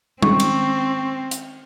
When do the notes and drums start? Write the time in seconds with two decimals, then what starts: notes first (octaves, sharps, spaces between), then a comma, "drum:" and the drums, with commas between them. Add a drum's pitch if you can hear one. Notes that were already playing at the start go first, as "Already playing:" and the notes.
0.22 D#3 G#3 C4 C#4 C#6, drum: tom G3
0.40 drum: cymbal
1.31 drum: hi-hat